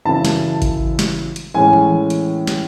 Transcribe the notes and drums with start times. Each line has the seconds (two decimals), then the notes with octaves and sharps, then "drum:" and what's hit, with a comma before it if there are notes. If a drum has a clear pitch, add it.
0.05 F#2 C#3 E3 A5
0.25 drum: snare
0.62 drum: kick G#1, hi-hat
0.99 drum: snare
1.36 drum: hi-hat
1.55 A2 E3 G#3 C#4 G#5
1.73 drum: tom D#3
2.10 drum: hi-hat
2.47 drum: snare